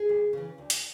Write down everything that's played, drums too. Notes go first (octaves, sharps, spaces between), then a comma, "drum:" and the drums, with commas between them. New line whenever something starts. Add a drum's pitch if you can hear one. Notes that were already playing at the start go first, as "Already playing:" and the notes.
Already playing: G#4
D2
C#3 E3
D2
drum: hi-hat